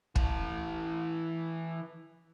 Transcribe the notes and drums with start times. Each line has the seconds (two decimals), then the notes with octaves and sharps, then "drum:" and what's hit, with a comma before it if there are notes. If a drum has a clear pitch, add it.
0.16 E3 A5, drum: kick